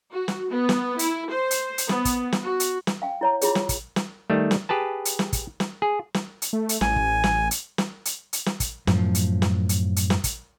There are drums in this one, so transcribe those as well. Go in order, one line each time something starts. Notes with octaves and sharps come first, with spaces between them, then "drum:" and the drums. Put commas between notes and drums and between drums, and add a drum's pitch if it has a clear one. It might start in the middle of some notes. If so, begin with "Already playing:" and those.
F#4
drum: snare
B3
drum: snare
E4, drum: hi-hat
C5
drum: hi-hat
drum: hi-hat
B3, drum: snare
drum: kick, hi-hat
drum: snare
F#4
drum: hi-hat
drum: snare
F5 G5
E4 C#5 A#5
E4 F4 G#4 C#5, drum: hi-hat
drum: snare
drum: kick, hi-hat
drum: snare
D#3 G3 A3
drum: snare
G4 G#4 B4 A5
drum: hi-hat
drum: snare
drum: kick, hi-hat
drum: snare
G#4
drum: snare
drum: hi-hat
A3
drum: hi-hat
A1 G#5, drum: snare
drum: kick
drum: snare
drum: hi-hat
drum: snare
drum: hi-hat
drum: hi-hat
drum: snare
drum: kick, hi-hat
F#2 A2 F3, drum: snare
drum: hi-hat
drum: snare
drum: hi-hat
drum: hi-hat
drum: snare
drum: kick, hi-hat